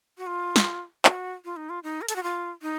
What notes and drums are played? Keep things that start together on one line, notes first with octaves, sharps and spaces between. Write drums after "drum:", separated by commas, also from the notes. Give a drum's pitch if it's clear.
F#4
F4
drum: snare
F#4, drum: clap
F4
D#4
F4
D#4
A#4
A4, drum: hi-hat
F#4
F4
D#4